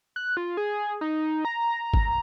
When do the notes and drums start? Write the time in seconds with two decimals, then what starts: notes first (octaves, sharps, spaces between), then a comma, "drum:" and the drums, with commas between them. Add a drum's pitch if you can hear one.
0.16 F#6
0.37 F4
0.57 G#4
1.01 D#4
1.45 A#5
1.94 drum: kick G1